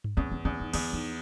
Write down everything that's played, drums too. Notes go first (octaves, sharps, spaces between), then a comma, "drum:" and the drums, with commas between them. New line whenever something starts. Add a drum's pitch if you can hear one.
drum: tom G2
E2 C#4
C#4
E2 C#4
D#4
E2 C#4, drum: cymbal
D#4